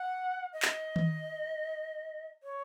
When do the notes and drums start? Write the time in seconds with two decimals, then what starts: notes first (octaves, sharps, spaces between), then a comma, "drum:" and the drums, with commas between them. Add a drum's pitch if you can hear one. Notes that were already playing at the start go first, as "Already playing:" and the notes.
Already playing: F#5
0.53 D#5
0.62 drum: clap
0.96 drum: tom D#3
2.43 C#5